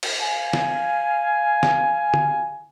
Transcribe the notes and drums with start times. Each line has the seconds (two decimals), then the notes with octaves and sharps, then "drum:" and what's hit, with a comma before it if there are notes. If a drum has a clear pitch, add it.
0.03 drum: cymbal
0.21 F5 G#5
0.53 drum: snare
1.63 drum: snare
2.14 drum: tom